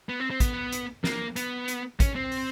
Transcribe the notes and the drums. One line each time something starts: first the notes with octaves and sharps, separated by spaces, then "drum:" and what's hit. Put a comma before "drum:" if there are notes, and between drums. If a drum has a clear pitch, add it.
B3
C4
C4
B3, drum: kick, hi-hat
drum: hi-hat
A#3, drum: snare
B3, drum: hi-hat
drum: hi-hat
C#4, drum: kick, hi-hat
C4
drum: open hi-hat